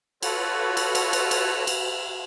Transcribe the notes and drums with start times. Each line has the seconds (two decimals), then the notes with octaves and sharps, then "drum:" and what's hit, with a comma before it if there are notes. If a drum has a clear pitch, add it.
0.23 F4 F#4 A4 B4 C#5, drum: cymbal
0.77 drum: cymbal
0.95 drum: cymbal
1.13 drum: cymbal
1.31 drum: cymbal
1.67 drum: cymbal